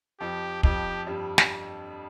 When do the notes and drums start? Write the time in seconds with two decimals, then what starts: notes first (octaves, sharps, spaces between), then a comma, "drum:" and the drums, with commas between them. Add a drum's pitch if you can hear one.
0.20 F2 F3 G4
0.63 F2 F3 G4, drum: kick
1.07 G2 G3
1.38 drum: snare